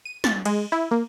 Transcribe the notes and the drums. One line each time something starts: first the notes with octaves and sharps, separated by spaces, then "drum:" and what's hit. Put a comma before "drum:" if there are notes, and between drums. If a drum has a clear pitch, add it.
D#7
A6, drum: snare
G#3, drum: cymbal
E4
A#3